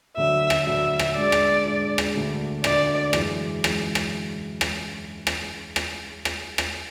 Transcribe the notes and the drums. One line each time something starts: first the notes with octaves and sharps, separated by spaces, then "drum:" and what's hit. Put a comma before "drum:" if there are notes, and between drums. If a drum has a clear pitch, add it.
D2 D3 F#3 E5
drum: rim click
D2 D3 F#3 E5
drum: rim click
G#2 G#3 D4 G#4 D5
drum: rim click
G#2 G#3 D4 G#4
drum: rim click
D2 D3 A3 D4
D2 D3 A3 D4 D5, drum: rim click
F#2 E3 G#3, drum: rim click
E3 G#3, drum: rim click
drum: rim click
drum: rim click
drum: rim click
drum: rim click
drum: rim click
drum: rim click